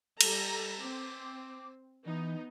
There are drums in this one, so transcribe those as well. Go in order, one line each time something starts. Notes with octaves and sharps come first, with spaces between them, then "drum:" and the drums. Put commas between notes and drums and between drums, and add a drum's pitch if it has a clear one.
G3 A4 A#5, drum: cymbal
C4 D6
E3 B3 D#4